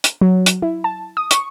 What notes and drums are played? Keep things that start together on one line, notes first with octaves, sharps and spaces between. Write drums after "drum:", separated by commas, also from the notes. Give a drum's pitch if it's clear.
drum: hi-hat
F#3
drum: hi-hat
E4
A5
D#6
C#6, drum: hi-hat